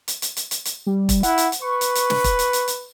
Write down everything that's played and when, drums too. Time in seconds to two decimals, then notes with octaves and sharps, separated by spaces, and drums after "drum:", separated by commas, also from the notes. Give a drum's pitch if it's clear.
0.08 drum: hi-hat
0.22 drum: hi-hat
0.37 drum: hi-hat
0.51 drum: hi-hat
0.65 drum: hi-hat
0.86 G3
1.09 drum: kick E1, hi-hat
1.23 E4 F#5, drum: hi-hat
1.38 drum: hi-hat
1.52 drum: hi-hat
1.62 B4 C#6
1.81 drum: hi-hat
1.95 drum: hi-hat
2.10 drum: snare
2.24 drum: kick E1, hi-hat
2.39 drum: hi-hat
2.53 drum: hi-hat
2.68 drum: hi-hat